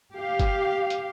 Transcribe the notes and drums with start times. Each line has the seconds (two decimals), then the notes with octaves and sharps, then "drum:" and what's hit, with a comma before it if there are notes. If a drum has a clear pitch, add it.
0.14 G4 F5
0.39 drum: kick G1, hi-hat
0.90 drum: hi-hat